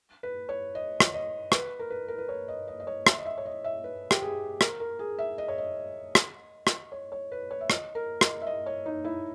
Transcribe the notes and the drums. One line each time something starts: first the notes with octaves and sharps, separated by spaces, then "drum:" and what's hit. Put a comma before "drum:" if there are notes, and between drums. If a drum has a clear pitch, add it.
B4
C#5
D#5
drum: rim click
D#5
B4, drum: rim click
A#4
B4
A#4
B4
C#5
D#5
D#5
D#5
C#5
E5, drum: rim click
D#5
E5
C#5
D#5
E5
B4
G4, drum: rim click
G#4
A#4, drum: rim click
A#4
G#4
E5
D#5
C#5
D#5
drum: rim click
drum: rim click
C#5
C#5
B4
C#5
E5
D#5, drum: rim click
A#4
D#5, drum: rim click
E5
D#5
C#5
D#4
E4